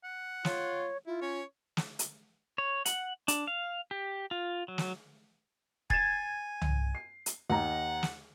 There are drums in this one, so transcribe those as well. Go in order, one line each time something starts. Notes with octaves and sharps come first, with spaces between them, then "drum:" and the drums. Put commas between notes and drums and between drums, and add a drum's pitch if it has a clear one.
F#5
F4 C#5, drum: snare
E4 F4
C#4 C#5
drum: snare
drum: hi-hat
C#5
F#5, drum: hi-hat
D4, drum: hi-hat
F5
G4
F4
F#3
drum: snare
G#5 G#6 A6 C7 E7, drum: kick
drum: tom
C7
drum: hi-hat
D#2 D#4 F#5 A#5
drum: snare